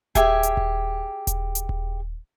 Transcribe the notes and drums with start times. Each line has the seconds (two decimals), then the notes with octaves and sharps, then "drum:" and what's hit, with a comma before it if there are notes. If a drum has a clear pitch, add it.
0.15 G4 G#4 E5 G#5, drum: kick D#1, hi-hat
0.43 drum: hi-hat
0.57 drum: kick D#1
1.27 drum: kick D#1, hi-hat
1.55 drum: hi-hat
1.69 drum: kick D#1